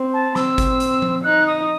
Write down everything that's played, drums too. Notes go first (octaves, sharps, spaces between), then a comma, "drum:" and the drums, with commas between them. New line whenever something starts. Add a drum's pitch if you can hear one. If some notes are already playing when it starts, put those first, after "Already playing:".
Already playing: C4
A5
C4 E6, drum: snare
drum: kick G#1, hi-hat
drum: hi-hat
drum: tom F3
D#4 F#6
D#6